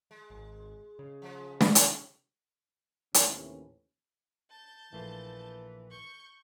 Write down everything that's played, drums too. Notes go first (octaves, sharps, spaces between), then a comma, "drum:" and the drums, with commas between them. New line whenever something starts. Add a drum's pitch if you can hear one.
G#3
G#1
C#3
F3 G#3
F#4, drum: snare
C3 D#3 C4, drum: hi-hat
D#2 A2 C3 E3 C#4, drum: hi-hat
A5 G6
A#1 E3 A3 F4
C#6 G6